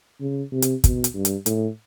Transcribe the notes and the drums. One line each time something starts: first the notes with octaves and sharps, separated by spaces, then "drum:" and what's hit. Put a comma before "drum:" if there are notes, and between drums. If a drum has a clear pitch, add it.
C#3
C3
drum: hi-hat
B2, drum: kick, hi-hat
drum: hi-hat
G2
drum: hi-hat
A2, drum: hi-hat